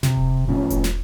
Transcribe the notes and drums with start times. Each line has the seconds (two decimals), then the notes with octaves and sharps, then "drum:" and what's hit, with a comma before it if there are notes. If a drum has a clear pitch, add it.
0.03 C3, drum: snare
0.16 drum: kick E1
0.48 A2 F3 C#4
0.70 drum: kick E1, hi-hat
0.84 drum: snare